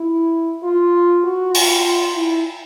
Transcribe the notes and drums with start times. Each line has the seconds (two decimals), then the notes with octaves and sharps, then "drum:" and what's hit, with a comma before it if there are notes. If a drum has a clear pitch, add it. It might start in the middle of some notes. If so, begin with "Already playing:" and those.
Already playing: E4
0.63 F4
1.24 F#4
1.54 F4, drum: open hi-hat
2.15 E4